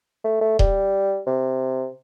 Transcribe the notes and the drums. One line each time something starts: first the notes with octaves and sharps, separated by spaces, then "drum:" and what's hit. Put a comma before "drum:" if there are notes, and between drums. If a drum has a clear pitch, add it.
A3
A3
G3, drum: kick D#1
C3